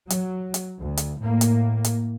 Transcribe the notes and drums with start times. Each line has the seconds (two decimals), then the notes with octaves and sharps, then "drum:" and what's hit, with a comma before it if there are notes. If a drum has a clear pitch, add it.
0.10 F#3, drum: hi-hat
0.54 drum: hi-hat
0.79 D2
0.97 drum: hi-hat
1.19 A2 A#3
1.41 drum: hi-hat
1.84 drum: hi-hat